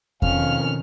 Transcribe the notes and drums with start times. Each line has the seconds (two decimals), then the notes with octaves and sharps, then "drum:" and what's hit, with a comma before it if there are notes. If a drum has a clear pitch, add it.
0.22 F2 B2 D#3 C#4 F5 F6, drum: kick E2